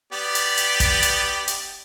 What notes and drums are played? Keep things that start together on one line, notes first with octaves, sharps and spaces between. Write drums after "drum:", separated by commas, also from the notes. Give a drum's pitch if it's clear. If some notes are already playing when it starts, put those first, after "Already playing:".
B3 G4 D5
drum: hi-hat
drum: hi-hat
drum: kick, hi-hat
drum: hi-hat
drum: hi-hat